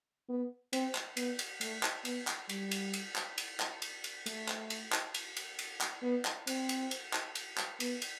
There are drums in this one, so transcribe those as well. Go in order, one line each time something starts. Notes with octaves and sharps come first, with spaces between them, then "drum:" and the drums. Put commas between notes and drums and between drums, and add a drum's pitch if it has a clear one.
B3
C4, drum: cymbal
drum: clap
B3, drum: cymbal
drum: cymbal
A3, drum: cymbal
drum: clap
B3, drum: cymbal
drum: clap
G3, drum: cymbal
drum: cymbal
drum: cymbal
drum: clap
drum: cymbal
drum: clap
drum: cymbal
drum: cymbal
A3, drum: cymbal
drum: clap
drum: cymbal
drum: clap
drum: cymbal
drum: cymbal
drum: cymbal
drum: clap
B3
drum: clap
C4, drum: cymbal
drum: cymbal
drum: cymbal
drum: clap
drum: cymbal
drum: clap
B3, drum: cymbal
drum: cymbal